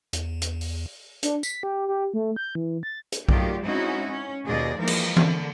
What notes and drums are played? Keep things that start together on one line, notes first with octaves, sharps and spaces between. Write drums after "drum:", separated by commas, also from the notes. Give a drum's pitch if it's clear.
E2, drum: hi-hat
drum: hi-hat
drum: open hi-hat
D4, drum: hi-hat
B6, drum: tambourine
G4
G4
A3
G6
E3
A6
drum: hi-hat
D#3 F#3 A3 F4 G4 D5, drum: kick B1
G#3 C4 C#4 D#4 E4 F#4
C#4
D#2 B2 G#4 D5 D#5
E3 F3 G#3 A#3 D#4 A#4
drum: cymbal
D3 A#3, drum: tom E3